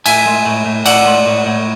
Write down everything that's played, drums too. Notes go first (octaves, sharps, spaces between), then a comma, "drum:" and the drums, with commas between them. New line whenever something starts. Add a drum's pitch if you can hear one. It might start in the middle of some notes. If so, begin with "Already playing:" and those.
A2 E5 G#5, drum: cymbal
G#3
A2
A2
A2 D5 F#5, drum: cymbal
G#3
A2
A2